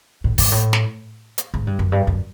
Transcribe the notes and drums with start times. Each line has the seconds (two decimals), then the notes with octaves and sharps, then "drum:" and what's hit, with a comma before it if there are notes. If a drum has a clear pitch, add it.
0.24 A2
0.38 G#2, drum: kick, open hi-hat
0.52 A2
0.73 drum: snare
1.38 drum: hi-hat
1.54 G#2
1.67 G2
1.79 F#2
1.92 G2
2.07 F#2